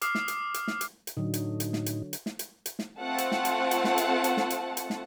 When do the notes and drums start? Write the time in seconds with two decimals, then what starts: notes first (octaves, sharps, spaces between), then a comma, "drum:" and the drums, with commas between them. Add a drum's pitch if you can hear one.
0.02 D6 D#6 F6 C7, drum: hi-hat
0.15 drum: snare
0.28 drum: hi-hat
0.54 drum: hi-hat
0.68 drum: snare
0.81 drum: hi-hat
1.07 drum: hi-hat
1.17 A2 D3 F#3 D#4
1.34 drum: hi-hat
1.60 drum: hi-hat
1.73 drum: snare
1.86 drum: hi-hat
2.13 drum: hi-hat
2.26 drum: snare
2.39 drum: hi-hat
2.66 drum: hi-hat
2.79 drum: snare
2.99 A3 C4 F4 A4 F#5 A5
3.18 drum: hi-hat
3.32 drum: snare
3.45 drum: hi-hat
3.71 drum: hi-hat
3.84 drum: snare
3.98 drum: hi-hat
4.24 drum: hi-hat
4.37 drum: snare
4.50 drum: hi-hat
4.77 drum: hi-hat
4.90 drum: snare